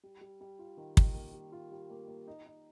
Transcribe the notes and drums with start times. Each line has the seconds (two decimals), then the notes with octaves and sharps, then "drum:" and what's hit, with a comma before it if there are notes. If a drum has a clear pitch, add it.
0.03 G3
0.21 G3
0.41 G3
0.59 F4
0.77 D#3
0.97 D#3, drum: kick
1.15 A#3
1.34 G3
1.52 F4
1.72 G3
1.90 A#3
2.08 A#3
2.27 D#4
2.46 D#4